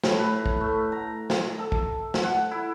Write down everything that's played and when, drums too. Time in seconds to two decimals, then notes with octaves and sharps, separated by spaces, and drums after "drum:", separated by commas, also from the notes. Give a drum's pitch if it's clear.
0.03 A2, drum: snare
0.19 B4
0.46 drum: kick
0.61 A3
0.92 A#5
1.30 drum: snare
1.59 A4
1.72 drum: kick
2.14 drum: snare
2.24 F#5
2.51 E4